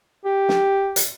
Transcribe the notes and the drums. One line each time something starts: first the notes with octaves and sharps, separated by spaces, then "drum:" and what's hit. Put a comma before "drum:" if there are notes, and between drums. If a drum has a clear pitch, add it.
G4
drum: snare
drum: hi-hat